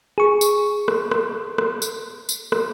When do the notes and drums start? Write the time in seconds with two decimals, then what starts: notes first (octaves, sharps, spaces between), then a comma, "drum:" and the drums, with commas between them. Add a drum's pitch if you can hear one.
0.18 G#4 C#6
0.41 drum: tambourine
0.88 drum: rim click
1.11 drum: rim click
1.58 drum: rim click
1.82 drum: tambourine
2.29 drum: tambourine
2.52 drum: rim click